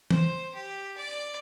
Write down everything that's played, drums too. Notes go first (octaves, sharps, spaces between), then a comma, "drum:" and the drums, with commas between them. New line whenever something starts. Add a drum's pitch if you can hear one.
C5, drum: tom
G4
D5